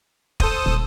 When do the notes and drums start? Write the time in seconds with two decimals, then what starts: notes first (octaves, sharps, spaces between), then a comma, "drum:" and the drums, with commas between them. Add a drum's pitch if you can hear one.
0.40 A4 C5 D#6, drum: kick
0.66 D#1